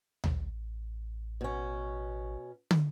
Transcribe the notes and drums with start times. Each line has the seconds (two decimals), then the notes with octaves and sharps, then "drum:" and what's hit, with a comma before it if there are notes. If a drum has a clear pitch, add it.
0.24 A1, drum: tom D2
1.41 B2 C#4
2.71 drum: tom